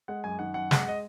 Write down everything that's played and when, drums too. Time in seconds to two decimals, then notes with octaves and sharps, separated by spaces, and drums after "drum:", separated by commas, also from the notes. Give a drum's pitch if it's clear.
0.08 G#3 F#5
0.24 F#2 G#5
0.39 D#3 F#5
0.54 F#2 F#5
0.71 G#3 F#5, drum: snare
0.88 D#5